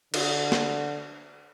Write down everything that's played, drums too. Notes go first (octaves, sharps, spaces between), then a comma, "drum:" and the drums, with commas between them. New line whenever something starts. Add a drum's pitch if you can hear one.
D3, drum: cymbal
drum: snare